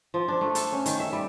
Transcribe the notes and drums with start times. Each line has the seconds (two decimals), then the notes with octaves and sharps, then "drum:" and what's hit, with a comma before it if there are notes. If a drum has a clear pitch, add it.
0.14 F3
0.28 D4
0.41 A3
0.55 A4, drum: hi-hat
0.72 C#4
0.86 D#3, drum: hi-hat
1.00 E5
1.13 G3